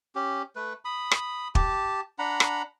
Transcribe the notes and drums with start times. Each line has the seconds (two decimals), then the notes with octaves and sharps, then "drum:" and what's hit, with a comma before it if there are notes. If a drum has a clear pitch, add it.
0.15 C#4 G4
0.56 A3 B4
0.85 B5 D#6
1.11 drum: rim click
1.55 G4 A5, drum: kick
2.19 D4 F#5 A#5 B5
2.40 drum: rim click